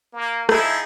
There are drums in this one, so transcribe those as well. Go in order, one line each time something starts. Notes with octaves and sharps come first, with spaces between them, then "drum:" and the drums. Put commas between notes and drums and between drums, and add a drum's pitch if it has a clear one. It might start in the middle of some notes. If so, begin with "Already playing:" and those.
A#3
F3 D#4 E4 G#4, drum: rim click